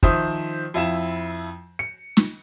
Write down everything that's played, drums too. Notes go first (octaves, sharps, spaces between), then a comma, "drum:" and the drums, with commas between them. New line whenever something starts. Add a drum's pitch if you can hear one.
D#3 F3 C5 E5 D#6 G6, drum: kick
F2 E4 F4 E7
C#7
drum: snare